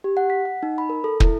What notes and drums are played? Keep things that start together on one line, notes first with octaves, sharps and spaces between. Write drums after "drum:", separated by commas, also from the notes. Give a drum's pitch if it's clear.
G4
F#5
B6
F#5
D#4
B5
A#4
A4
E4, drum: kick